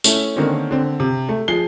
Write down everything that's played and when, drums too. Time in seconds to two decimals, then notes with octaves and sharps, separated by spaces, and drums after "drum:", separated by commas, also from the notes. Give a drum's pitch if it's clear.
0.04 A3 C#4 E4, drum: tambourine
0.36 D3 D#3 A#3 C4 C#4
0.71 D3 C4
1.00 C3
1.29 A3
1.48 F3 G#4 C7 G7